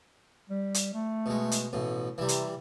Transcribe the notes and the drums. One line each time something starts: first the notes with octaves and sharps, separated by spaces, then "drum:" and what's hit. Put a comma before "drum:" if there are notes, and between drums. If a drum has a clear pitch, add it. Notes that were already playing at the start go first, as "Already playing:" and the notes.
G3
drum: hi-hat
A3
B2 G#3
drum: hi-hat
A1 B2
C3 E3 G3
drum: hi-hat